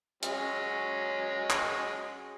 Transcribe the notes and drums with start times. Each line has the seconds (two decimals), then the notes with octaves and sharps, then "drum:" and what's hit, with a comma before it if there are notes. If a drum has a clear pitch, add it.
0.23 F#3 G#3 C#4, drum: hi-hat
1.50 drum: clap